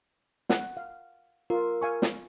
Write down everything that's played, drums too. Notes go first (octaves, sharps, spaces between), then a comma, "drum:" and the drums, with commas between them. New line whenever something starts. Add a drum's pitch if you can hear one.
F#5, drum: snare
F5
F4 A#4
F5 G#5 C#6
drum: snare